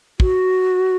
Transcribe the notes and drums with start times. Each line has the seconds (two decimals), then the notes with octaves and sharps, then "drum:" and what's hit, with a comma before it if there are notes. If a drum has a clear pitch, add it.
0.20 F#4, drum: kick